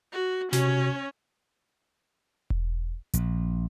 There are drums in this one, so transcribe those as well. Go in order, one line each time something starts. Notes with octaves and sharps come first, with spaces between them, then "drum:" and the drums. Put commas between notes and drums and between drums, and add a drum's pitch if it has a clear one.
F#4
C3 C#4 F#4 C#5, drum: snare
drum: kick E1
A#1, drum: hi-hat